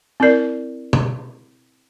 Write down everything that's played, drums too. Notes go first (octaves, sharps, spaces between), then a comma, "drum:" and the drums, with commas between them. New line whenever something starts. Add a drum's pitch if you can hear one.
C4 E4 A#4 D5
drum: tom B2